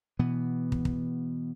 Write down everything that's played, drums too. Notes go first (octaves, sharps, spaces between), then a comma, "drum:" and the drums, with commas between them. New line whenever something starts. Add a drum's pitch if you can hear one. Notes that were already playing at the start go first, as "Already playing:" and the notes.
B2 E3 B3
drum: kick
drum: kick